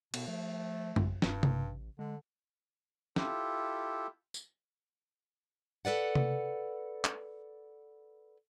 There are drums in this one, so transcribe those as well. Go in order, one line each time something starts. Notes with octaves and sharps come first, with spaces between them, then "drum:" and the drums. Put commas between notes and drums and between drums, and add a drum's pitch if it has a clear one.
B2 B3, drum: cymbal
F3 A3
A1, drum: tom F#2
E1 G2, drum: snare
A1, drum: tom C3
D3 G#3
E4 F4 G4 A4, drum: snare
drum: tambourine
A4 B4 D5 F#5
drum: tom C3
drum: clap